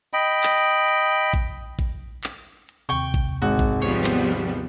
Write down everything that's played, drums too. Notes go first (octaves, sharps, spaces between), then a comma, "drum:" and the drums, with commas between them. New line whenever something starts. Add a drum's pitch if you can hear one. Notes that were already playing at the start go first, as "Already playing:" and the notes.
D#5 G5 B5
drum: clap
drum: hi-hat
drum: kick, hi-hat
drum: kick, hi-hat
drum: clap
drum: hi-hat
D#2 C3 G5 C#6
drum: kick, hi-hat
G#1 F#4
drum: kick, hi-hat
F3 G3 B3 C#5
drum: clap
drum: hi-hat